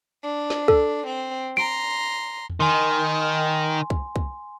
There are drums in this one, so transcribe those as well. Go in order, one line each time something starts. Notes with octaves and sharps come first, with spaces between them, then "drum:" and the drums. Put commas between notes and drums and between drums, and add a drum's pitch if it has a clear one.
D4
drum: snare
A4, drum: kick
C4
A#5 C6 D7
drum: tom E2
D#3 G#5 C6
drum: kick
drum: kick